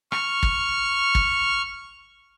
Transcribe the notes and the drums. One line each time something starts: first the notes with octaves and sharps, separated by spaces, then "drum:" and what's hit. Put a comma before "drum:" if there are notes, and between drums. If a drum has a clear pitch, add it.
C#6 F6, drum: rim click
drum: kick
drum: kick